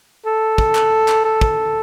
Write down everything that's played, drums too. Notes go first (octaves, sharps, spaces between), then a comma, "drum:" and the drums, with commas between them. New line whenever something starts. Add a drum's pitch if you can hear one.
A4
drum: kick
drum: clap
drum: clap
A4
drum: kick